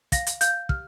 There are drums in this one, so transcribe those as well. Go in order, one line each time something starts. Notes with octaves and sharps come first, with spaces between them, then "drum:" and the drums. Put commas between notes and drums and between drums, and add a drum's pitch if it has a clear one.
F5 A#6, drum: kick, hi-hat
drum: hi-hat
F5 G6, drum: hi-hat
G4 F6, drum: kick